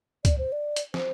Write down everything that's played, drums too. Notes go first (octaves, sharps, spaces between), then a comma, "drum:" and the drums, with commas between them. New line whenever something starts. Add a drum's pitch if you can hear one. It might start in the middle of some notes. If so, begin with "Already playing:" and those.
D5, drum: kick, hi-hat
C5
D5
drum: hi-hat
C5, drum: snare